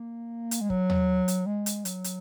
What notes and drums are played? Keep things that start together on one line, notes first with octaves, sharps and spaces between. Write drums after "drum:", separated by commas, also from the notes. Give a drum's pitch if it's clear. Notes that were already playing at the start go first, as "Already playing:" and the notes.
Already playing: A#3
drum: hi-hat
G#3
F#3, drum: kick
drum: tom D#2
drum: hi-hat
G#3
drum: hi-hat
F#3, drum: hi-hat
drum: hi-hat